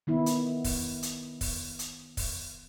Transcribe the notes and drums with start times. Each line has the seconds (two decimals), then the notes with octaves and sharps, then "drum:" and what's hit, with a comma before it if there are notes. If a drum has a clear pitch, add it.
0.07 D#3 B3 E4
0.26 drum: hi-hat
0.64 drum: kick, open hi-hat
1.03 drum: hi-hat
1.41 drum: kick, open hi-hat
1.79 drum: hi-hat
2.17 drum: kick, open hi-hat